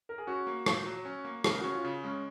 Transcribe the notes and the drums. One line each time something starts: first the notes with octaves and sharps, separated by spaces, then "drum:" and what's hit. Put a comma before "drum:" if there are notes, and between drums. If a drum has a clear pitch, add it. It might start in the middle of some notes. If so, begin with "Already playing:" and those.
A#4
G#4
C#4 F#4
A#3
A#2, drum: rim click
F#3
C#4
A#3
C#3 A#4, drum: rim click
C#4 F#4
F4
C#3
G#3 C#4